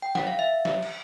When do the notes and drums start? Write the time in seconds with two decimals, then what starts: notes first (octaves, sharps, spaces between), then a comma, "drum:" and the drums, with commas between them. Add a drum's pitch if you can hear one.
0.02 G5
0.15 F#5, drum: snare
0.27 F5
0.39 E5
0.65 drum: snare
0.82 drum: cymbal